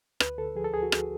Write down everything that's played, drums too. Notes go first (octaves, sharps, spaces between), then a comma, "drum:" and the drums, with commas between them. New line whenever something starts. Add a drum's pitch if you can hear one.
D2 B4, drum: rim click
D3 A4
F3 G#4
A4
D2 G#4
F#4
D2, drum: rim click